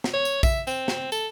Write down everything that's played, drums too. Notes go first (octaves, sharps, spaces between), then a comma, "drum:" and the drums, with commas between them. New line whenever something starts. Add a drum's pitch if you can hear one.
drum: snare
C#5
drum: tambourine
E5, drum: kick, tambourine
C4, drum: tambourine
drum: snare
A4, drum: tambourine